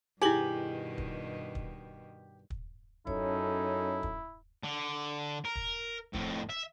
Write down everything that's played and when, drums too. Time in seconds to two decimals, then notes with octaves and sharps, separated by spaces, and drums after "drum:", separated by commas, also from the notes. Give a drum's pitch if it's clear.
0.22 G2 B2 D#3 E4 G4 G#4 G#5 F#7
0.98 drum: kick
1.55 drum: kick
2.50 drum: kick
3.07 F#2 C#4 D#4 E4 A4 C#5, drum: kick
4.03 drum: kick
4.64 D3
5.45 A#4
5.55 drum: kick
6.14 F2 A2, drum: kick
6.50 E5